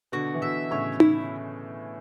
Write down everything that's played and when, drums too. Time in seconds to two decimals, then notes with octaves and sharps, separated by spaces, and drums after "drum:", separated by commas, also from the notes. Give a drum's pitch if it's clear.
0.12 B2 D3 F#4
0.34 E3
0.42 B2 D3 E5
0.71 A2 C#3 C#5
1.00 E4, drum: tom D#4